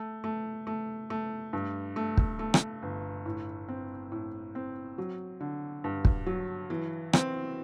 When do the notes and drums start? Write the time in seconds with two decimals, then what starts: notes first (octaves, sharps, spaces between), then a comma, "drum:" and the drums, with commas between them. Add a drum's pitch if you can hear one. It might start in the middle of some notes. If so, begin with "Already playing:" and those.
Already playing: A3
0.24 A3
0.67 A3
1.10 A3
1.53 G2
1.96 A3
2.17 drum: kick
2.39 A3
2.54 drum: rim click
2.82 G1
3.26 A2
3.69 C4
4.12 A2
4.55 C4
4.98 F#3
5.41 D3
5.84 G2
6.05 drum: kick
6.26 F#3
6.70 E3
7.13 C4, drum: rim click